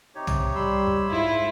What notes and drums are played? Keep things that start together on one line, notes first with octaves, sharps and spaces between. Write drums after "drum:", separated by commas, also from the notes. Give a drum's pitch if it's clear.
C3 D#4 G4 C#5
drum: tom
G3 B5 C6 E6
drum: kick
G#2 E4 F4